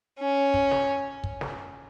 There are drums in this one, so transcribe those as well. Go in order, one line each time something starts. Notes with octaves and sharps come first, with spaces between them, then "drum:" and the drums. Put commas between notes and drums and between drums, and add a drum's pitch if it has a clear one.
C#4
drum: kick
drum: snare
drum: kick
drum: snare